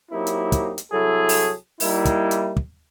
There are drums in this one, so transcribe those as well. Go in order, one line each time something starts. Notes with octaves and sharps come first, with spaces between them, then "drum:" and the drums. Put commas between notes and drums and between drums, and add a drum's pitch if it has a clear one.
F#3 A#3 C4 D#4 E4 G4
drum: hi-hat
drum: kick, hi-hat
drum: hi-hat
C2 F#3 E4 G#4 A4
drum: open hi-hat
G3 A#3 D#4 E4, drum: open hi-hat
drum: kick, hi-hat
drum: hi-hat
drum: kick